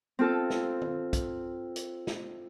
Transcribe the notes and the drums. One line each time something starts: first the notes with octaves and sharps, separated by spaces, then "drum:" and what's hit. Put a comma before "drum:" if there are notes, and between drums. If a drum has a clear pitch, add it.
C4 F4 A4
drum: snare
drum: tom
drum: kick, hi-hat
drum: hi-hat
drum: snare